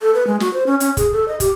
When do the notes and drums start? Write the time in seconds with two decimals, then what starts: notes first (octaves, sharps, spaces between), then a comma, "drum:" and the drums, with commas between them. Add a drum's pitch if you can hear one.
0.02 A4
0.15 B4
0.27 G#3
0.40 F#4, drum: snare
0.53 C5
0.67 C#4
0.80 C#4, drum: hi-hat
0.97 G#4, drum: kick, hi-hat
1.12 A4
1.28 D#5
1.40 G4, drum: kick, hi-hat